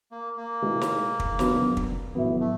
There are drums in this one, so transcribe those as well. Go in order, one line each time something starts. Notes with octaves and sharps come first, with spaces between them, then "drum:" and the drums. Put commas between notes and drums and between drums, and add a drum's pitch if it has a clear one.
A#3
A#3
B2 G#3 B3 E4
drum: snare
drum: kick
C#3 F#3 B3 D4 F#4, drum: snare
drum: kick
A2 F#3 B3
A3